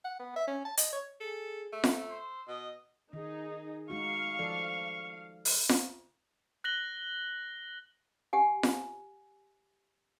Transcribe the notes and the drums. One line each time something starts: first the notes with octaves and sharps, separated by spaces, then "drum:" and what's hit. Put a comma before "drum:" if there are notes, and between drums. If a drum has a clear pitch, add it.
F#5
B3
E5
C#4
A5
D#5, drum: hi-hat
C#5
G#4 A4
A3 E6
drum: snare F4
C5
B2 D#5
D#3 D#4 G#4
G#3 D#4 F#4 F5 C#6
F3 A4 D5
drum: open hi-hat
drum: snare F4
F#6 A#6 F#7 G7
G4 F#5 G#5
drum: snare F4